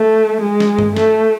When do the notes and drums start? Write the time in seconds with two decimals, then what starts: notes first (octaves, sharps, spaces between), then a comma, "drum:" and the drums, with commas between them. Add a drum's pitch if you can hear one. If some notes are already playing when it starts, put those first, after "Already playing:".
Already playing: A3
0.42 G#3
0.60 drum: snare
0.79 drum: tom G2
0.97 A3, drum: snare